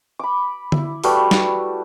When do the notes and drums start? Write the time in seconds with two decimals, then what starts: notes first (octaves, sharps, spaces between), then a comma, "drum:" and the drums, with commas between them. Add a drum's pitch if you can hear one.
0.19 B5 D6
0.72 E4, drum: tom D3
1.04 G3 A3 F#4 B4, drum: open hi-hat
1.31 drum: snare